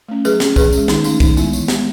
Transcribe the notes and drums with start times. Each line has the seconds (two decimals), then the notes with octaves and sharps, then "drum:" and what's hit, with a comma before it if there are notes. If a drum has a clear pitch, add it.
0.08 A3 C#4
0.25 F#3 G#4 B4, drum: tambourine
0.40 C#4, drum: snare
0.56 E3 G#4 B4, drum: kick, tambourine
0.73 G#3 C#4, drum: tambourine
0.88 D#3 D#4, drum: snare
1.04 A3 C#4 D#4, drum: tambourine
1.20 D#3 D#4, drum: kick, tambourine
1.37 G#3 B3 E4, drum: tambourine
1.53 E3, drum: tambourine
1.68 G#3 B3, drum: snare